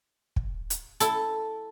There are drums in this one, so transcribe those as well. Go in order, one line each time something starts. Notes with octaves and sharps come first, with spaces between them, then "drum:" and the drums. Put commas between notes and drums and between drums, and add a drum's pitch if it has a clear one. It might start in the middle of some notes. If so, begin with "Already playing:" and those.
drum: kick
drum: hi-hat
E4 A4, drum: hi-hat